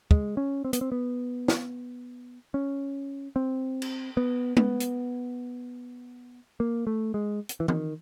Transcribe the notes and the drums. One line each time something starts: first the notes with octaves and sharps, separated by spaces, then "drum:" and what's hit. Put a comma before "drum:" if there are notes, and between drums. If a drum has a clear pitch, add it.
G#3, drum: kick
C#4
C4
B3, drum: hi-hat
C4
B3
drum: snare
C#4
C4
drum: cymbal
B3
B3, drum: tom G#3
drum: hi-hat
A#3
A3
G#3
drum: hi-hat
E3
D#3, drum: tom E3